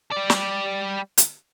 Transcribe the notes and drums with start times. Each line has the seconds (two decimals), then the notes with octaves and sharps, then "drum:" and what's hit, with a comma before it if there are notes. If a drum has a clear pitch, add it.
0.12 G3 D5
0.30 drum: snare
1.18 drum: hi-hat